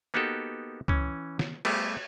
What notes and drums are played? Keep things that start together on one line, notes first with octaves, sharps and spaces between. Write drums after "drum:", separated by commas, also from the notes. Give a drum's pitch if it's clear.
A#3 B3 D#4 F#4 G4 A4
E3 C#4, drum: kick C#2
drum: snare
G3 A3 B3 G4 G#4, drum: cymbal